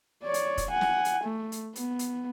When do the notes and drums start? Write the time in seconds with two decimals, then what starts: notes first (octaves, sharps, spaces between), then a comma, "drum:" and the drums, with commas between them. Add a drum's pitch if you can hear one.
0.24 C#5 D5
0.34 drum: hi-hat
0.58 drum: kick, hi-hat
0.70 F#5 G#5
0.81 drum: snare
1.05 drum: hi-hat
1.24 A3
1.52 drum: hi-hat
1.76 B3, drum: hi-hat
1.99 drum: hi-hat